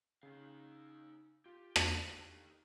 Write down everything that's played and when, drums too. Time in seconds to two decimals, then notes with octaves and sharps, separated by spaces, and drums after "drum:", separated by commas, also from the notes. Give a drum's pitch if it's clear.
0.23 C#3 D#4 F5
1.46 F4 G4
1.76 drum: rim click
1.86 D#3 G4